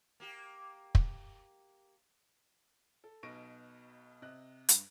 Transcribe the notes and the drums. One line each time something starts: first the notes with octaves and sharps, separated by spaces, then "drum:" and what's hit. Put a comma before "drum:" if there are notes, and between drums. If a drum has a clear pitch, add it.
A#3 G4
drum: kick
A4
B1 B2 C#6 A#6 D7 D#7
C3 D#5 F#6
G2, drum: hi-hat